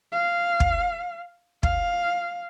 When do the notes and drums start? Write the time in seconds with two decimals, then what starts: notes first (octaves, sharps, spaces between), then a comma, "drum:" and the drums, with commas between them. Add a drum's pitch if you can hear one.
0.12 F5
0.60 drum: kick
1.63 F5, drum: kick